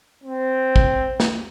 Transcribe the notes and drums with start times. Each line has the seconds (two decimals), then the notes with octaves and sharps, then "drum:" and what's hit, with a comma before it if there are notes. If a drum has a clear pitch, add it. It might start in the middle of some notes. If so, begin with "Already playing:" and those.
0.24 C4
0.76 drum: kick
1.20 drum: snare